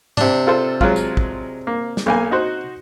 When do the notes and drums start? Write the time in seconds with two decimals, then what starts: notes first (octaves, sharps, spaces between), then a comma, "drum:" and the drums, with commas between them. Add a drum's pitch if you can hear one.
0.17 C3 D4, drum: tom G#2
0.47 F4 A4 C5
0.81 F#3 G#3 F4, drum: kick
0.96 drum: tambourine
1.17 drum: kick
1.67 A#3
1.97 drum: snare
2.06 B1 A#3 G#5
2.31 D#4 F#4 C5